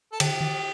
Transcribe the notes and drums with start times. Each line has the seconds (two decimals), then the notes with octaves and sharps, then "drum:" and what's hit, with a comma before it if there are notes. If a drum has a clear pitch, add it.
0.13 A4
0.20 D3 G4, drum: cymbal
0.41 D#3